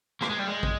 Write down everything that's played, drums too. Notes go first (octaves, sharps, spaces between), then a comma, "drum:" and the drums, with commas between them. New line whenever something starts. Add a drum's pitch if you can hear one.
A#3, drum: rim click
G#3
G3
G#3
drum: kick